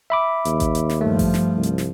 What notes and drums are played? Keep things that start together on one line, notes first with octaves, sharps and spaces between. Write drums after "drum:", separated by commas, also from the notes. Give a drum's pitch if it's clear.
E5 B5 D6
D#2, drum: hi-hat
drum: kick A1, hi-hat
drum: hi-hat
drum: snare
G2 F3 A3
drum: kick A1, open hi-hat
drum: snare
C2
drum: hi-hat
drum: snare